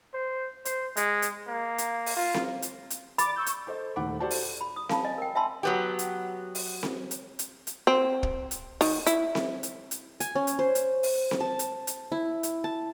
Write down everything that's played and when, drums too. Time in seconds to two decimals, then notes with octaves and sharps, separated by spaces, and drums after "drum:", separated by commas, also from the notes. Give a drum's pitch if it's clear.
0.14 C5
0.65 C5, drum: hi-hat
0.97 G#3, drum: hi-hat
1.22 drum: hi-hat
1.47 A#3
1.78 drum: hi-hat
2.06 drum: open hi-hat
2.17 F4
2.34 drum: snare C4
2.62 drum: hi-hat
2.90 drum: hi-hat
3.18 D5 B5 D6 A6, drum: hi-hat
3.36 C#6 E6 G6
3.46 drum: hi-hat
3.67 A4 C5 D#5
3.96 D#1 D#3 A3 F#5 B5 D6
4.20 F#4 G4 A4 C5 D5 A5
4.31 drum: open hi-hat
4.61 B5
4.76 D#6
4.89 F5 A5 B5, drum: snare C4
5.04 D#5 G#5
5.18 A#4 G5
5.35 E5 G#5 A5 B5 C6 E6
5.63 F#3 B3 G4
5.99 drum: hi-hat
6.55 drum: open hi-hat
6.83 drum: snare C4
7.11 drum: hi-hat
7.39 drum: hi-hat
7.67 drum: hi-hat
7.87 C4
8.23 drum: kick
8.51 drum: hi-hat
8.81 D#3, drum: open hi-hat
9.07 E4, drum: hi-hat
9.35 drum: snare C4
9.63 drum: hi-hat
9.91 drum: hi-hat
10.20 G#5, drum: hi-hat
10.35 C#4
10.47 drum: hi-hat
10.59 C5
10.75 drum: hi-hat
11.03 drum: open hi-hat
11.31 drum: snare C4
11.40 A5
11.59 drum: hi-hat
11.87 drum: hi-hat
12.12 E4
12.43 drum: hi-hat
12.64 A5